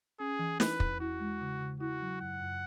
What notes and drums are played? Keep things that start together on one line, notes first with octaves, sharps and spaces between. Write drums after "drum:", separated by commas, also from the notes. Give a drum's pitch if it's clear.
C#4 G#4
E3
E4 B4, drum: snare
E2, drum: kick
E4 F#4
G#3
C#3
C#3
E4 F#4
F#3
F#2 F#5
F#2